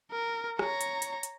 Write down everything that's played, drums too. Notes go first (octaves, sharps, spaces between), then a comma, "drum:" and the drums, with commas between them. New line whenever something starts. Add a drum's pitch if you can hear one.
A#4
C#5 A#5, drum: rim click
drum: hi-hat
drum: hi-hat
drum: hi-hat